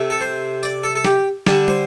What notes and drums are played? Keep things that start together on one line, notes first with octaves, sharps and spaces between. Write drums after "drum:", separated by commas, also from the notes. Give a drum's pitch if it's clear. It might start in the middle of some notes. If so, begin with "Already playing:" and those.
Already playing: C3 A3
A4
C5
D5, drum: tambourine
A4
A4
G4, drum: snare
D3 G3 D4, drum: snare
C5, drum: tom